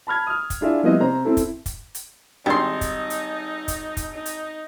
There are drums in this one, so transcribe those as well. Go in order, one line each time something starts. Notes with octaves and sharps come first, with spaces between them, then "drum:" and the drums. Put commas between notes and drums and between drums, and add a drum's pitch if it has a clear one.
A5 B5 F6 G#6
D#6 F6
drum: kick, hi-hat
D4 E4 F4 G#4 D5 E5
F3 G3 B3 C4 E4 D#5
C3 C5 A#5
C4 E4 A4
drum: kick, hi-hat
drum: kick, hi-hat
drum: hi-hat
G#1 G3 D#4 C6
drum: kick, hi-hat
drum: hi-hat
drum: kick, hi-hat
drum: kick, hi-hat
D#4
drum: hi-hat